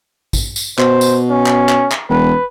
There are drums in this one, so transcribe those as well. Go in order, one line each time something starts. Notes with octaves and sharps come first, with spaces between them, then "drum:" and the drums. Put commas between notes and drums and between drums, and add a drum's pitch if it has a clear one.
drum: kick, tambourine
drum: tambourine
B2 C5, drum: clap
drum: tambourine
C#4
drum: clap
drum: clap
drum: clap
E1 B4